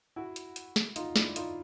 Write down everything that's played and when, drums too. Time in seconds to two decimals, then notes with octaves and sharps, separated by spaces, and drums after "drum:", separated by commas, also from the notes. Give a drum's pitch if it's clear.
0.16 E4 F#4
0.36 drum: hi-hat
0.56 drum: hi-hat
0.76 drum: snare
0.96 D#4 F4, drum: hi-hat
1.16 D4 E4, drum: snare
1.36 D#4 F4, drum: hi-hat